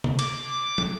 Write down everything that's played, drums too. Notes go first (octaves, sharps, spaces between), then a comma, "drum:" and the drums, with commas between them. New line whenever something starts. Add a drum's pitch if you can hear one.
drum: tom C3
D6, drum: cymbal
drum: tom